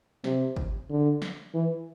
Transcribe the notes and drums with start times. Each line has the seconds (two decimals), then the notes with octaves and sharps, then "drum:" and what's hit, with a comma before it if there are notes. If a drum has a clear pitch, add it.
0.24 C3, drum: snare
0.56 drum: kick
0.90 D3
1.22 drum: snare
1.54 E3